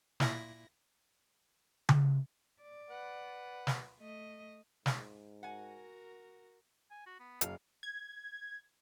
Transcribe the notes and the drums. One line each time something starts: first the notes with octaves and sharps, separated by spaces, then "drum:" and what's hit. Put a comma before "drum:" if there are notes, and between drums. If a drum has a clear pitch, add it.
A#2 E4 A#6, drum: snare
drum: tom C#3
D5
B4 F#5
drum: snare
A3 D#5
G#2, drum: snare
F#4 A#4 F#5 G#5
G#5
F#4
B3
F#1 F#3 F5, drum: hi-hat
G#6